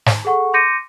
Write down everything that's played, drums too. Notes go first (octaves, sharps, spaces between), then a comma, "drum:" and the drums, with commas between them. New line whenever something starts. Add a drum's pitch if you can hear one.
drum: snare
G#4 A4 F#5 C#6
C6 D6 G6 A#6 C#7 D#7